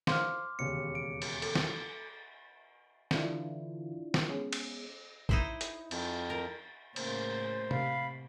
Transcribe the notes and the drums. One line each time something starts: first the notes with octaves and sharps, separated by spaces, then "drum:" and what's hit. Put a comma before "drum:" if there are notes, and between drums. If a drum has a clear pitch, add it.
C5 F5 C6 D6 F6, drum: snare
E1 D#2 C#3 C#7
D7
drum: cymbal
A4, drum: cymbal
drum: snare
D3 E3 D4 E4 F4, drum: snare
drum: snare
G#3 B3 C#4 G#4
drum: cymbal
D#4 E4 C5, drum: kick
drum: hi-hat
F2, drum: cymbal
A#4
A2 C#3 A#3 C5, drum: cymbal
C3 F5 B5, drum: tom C3